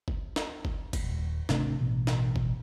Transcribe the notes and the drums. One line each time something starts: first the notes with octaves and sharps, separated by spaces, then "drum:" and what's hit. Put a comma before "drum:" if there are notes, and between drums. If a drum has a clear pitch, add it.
drum: kick
drum: snare
drum: kick
drum: kick, cymbal
D#1
G#1 C3 A3 D4, drum: snare
A1 B2
drum: snare
drum: kick